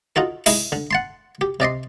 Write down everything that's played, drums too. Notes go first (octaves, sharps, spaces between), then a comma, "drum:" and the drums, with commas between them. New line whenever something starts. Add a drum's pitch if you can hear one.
D#4 F4 F#4 A4
G#3 D#4 E4, drum: open hi-hat
D3
F#5 A5 C6
G4
C3 D5 D#5 C6